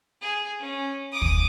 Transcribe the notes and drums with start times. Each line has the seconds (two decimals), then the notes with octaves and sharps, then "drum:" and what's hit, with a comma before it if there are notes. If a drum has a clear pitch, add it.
0.21 G#4
0.60 C#4
1.12 D6 D#6
1.22 drum: kick